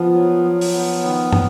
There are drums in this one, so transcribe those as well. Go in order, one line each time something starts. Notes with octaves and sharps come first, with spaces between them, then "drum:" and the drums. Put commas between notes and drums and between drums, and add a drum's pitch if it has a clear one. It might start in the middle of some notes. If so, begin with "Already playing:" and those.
Already playing: F3 B3
F#3
F#3
drum: open hi-hat
B3
D#3
D#3, drum: tom